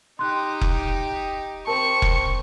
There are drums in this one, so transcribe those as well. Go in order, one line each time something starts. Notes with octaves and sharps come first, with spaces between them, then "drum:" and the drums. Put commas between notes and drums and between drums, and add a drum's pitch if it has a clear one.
D#4 G4 C6 F#6
drum: kick F1
C4 A#4 A5 C#6
drum: kick F1